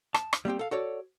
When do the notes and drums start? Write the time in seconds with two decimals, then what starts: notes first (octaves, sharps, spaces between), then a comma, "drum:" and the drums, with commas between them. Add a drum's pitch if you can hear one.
0.14 A5, drum: rim click
0.33 drum: rim click
0.45 G3 A#3 C4 G4
0.59 A4 F5
0.71 F#4 A4 C#5 D5